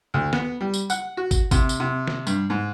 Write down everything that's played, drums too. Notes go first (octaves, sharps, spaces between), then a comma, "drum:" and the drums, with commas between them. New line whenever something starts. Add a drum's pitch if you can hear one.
D2
B3, drum: snare
G3
drum: tambourine
F#5, drum: tambourine
F#4
drum: kick, tambourine
C3, drum: kick, tambourine
drum: tambourine
C3
drum: snare
G2, drum: tambourine
G#2